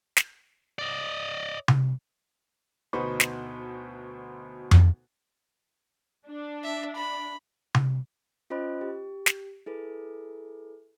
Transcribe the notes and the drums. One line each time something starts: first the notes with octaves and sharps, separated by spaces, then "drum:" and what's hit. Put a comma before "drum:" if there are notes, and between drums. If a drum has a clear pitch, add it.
drum: snare
D5 D#5
drum: tom C3
D2 B2 D#4 B4 C5 C#6
drum: snare
drum: tom F2
D4
E5
B5
drum: tom C3
C#4 F4 C5 D#5 B5 F#6
G4
drum: snare
E4 G#4 A4 B4